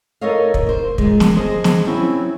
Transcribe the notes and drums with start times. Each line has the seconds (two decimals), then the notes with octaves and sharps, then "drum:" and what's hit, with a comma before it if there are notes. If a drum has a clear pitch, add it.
0.21 D#4 A4 A#4 C#5 D#5 F5
0.54 drum: kick
0.67 A#3 C5
0.98 A#2 G#3, drum: kick
1.20 drum: snare
1.36 G#4 C5 D#5
1.64 drum: snare
1.85 F#3 C4 C#4 E4 F#4